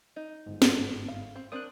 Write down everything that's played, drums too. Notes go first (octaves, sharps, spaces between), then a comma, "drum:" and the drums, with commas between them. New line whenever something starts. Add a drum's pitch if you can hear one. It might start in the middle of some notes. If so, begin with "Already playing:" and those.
D#4
G1 G#2
drum: snare
F5
C4
C4 D4 A#4 D#6 F#6